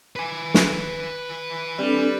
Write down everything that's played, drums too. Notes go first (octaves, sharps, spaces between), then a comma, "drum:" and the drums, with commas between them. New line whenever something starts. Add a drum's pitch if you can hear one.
B4 G#5
drum: snare
G3 C4 D4 A4